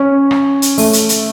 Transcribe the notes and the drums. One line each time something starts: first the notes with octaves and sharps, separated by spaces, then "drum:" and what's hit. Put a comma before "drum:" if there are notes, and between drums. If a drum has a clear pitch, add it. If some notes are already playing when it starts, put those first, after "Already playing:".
Already playing: C#4
drum: rim click
drum: hi-hat
A3, drum: open hi-hat
drum: hi-hat
drum: hi-hat